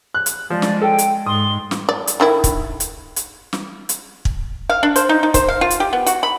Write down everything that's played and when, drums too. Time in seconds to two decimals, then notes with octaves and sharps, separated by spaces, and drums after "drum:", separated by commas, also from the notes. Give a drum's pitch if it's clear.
0.15 F#6
0.26 drum: hi-hat
0.50 F3 G#3 D5
0.62 drum: snare
0.82 A4 G5
0.98 drum: hi-hat
1.26 G#2 C6 D#6
1.71 drum: snare
1.89 D5
2.07 drum: hi-hat
2.20 D3 D#3 E4
2.44 drum: kick, hi-hat
2.80 drum: hi-hat
3.16 drum: hi-hat
3.53 drum: snare
3.89 drum: hi-hat
4.25 drum: kick
4.70 F5
4.83 D4
4.96 C5, drum: hi-hat
5.09 D#4
5.23 D#4
5.34 C5, drum: kick, hi-hat
5.48 F5
5.61 F4
5.70 drum: hi-hat
5.80 G4
5.93 B3
6.06 F#4, drum: hi-hat
6.23 B5